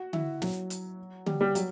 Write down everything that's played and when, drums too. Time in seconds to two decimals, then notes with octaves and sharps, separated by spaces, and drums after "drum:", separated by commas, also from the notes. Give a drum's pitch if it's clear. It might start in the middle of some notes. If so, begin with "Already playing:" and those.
Already playing: F#4
0.13 E4, drum: tom D3
0.42 F#3, drum: snare
0.70 drum: hi-hat
1.26 G3, drum: tom D3
1.41 G3
1.55 F#3, drum: hi-hat